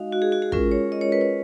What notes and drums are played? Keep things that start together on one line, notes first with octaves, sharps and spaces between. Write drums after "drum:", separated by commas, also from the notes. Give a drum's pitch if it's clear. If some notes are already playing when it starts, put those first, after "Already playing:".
Already playing: G#3 D#4 F#4 D#5 F5
F#4
G#4
F#4
G#4
G#3 C#4 F4 A#4, drum: kick
C#5
D#5
C#5
B4
C#5